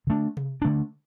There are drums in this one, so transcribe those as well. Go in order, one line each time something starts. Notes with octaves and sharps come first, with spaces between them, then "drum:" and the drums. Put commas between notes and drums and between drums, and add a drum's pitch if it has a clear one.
D3 A3 D4
drum: tom C3
D3 A3 D4